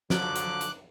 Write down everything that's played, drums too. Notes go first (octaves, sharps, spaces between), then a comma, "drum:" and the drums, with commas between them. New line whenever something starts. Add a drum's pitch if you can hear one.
D3 F3 F#3 D6 F#6, drum: snare
drum: hi-hat
drum: hi-hat